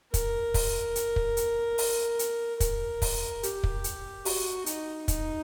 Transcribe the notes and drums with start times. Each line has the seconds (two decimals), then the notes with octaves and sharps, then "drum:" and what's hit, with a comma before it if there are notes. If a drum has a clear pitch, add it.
0.14 A#4, drum: kick, hi-hat
0.54 drum: kick, open hi-hat
0.96 drum: hi-hat
1.16 drum: kick
1.37 drum: hi-hat
1.78 drum: open hi-hat
2.19 drum: hi-hat
2.60 A#4, drum: kick, hi-hat
3.02 drum: kick, open hi-hat
3.43 G4, drum: hi-hat
3.63 drum: kick
3.84 drum: hi-hat
4.25 F#4, drum: open hi-hat
4.66 D#4, drum: hi-hat
5.08 D#4, drum: kick, hi-hat